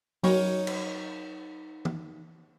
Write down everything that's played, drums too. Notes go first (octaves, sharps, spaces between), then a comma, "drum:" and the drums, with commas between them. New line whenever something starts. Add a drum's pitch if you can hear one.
F#3 D#4 A#4 C#5, drum: open hi-hat
drum: cymbal
drum: tom E3